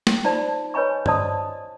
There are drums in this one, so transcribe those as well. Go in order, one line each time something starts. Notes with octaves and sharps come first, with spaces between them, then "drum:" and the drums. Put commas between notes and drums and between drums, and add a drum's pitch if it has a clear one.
drum: snare
D#4 F4 C5 D5 A5 B5
B4 C#5 D#5 G#5 B5 C#6
F#4 C5 D5 D#5 A5 D#6, drum: tom